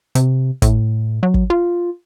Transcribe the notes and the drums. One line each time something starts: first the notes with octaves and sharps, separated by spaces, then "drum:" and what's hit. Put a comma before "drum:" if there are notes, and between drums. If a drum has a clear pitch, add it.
C3, drum: hi-hat
A2, drum: kick, hi-hat
F#3
drum: kick
F4